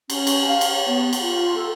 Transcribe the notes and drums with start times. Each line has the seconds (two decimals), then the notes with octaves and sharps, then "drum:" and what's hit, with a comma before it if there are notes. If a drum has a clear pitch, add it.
0.10 C#4, drum: cymbal
0.27 drum: cymbal
0.47 F5
0.61 drum: cymbal
0.74 C#5
0.88 B3
1.13 drum: cymbal
1.22 F4
1.55 A4